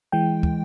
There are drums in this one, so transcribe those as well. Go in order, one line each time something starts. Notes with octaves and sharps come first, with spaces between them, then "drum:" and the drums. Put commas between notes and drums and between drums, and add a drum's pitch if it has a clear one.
E3 G#3 G5
drum: kick